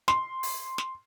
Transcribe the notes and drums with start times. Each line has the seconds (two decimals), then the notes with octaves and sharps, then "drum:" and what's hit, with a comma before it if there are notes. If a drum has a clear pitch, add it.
0.08 C6, drum: snare
0.43 drum: open hi-hat
0.78 drum: snare